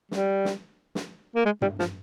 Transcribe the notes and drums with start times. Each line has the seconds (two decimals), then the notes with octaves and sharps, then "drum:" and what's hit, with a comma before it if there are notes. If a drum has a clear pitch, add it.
0.11 G3, drum: snare
0.45 drum: snare
0.95 drum: snare
1.35 A#3
1.45 G#3
1.62 G3, drum: tom G2
1.79 F3, drum: snare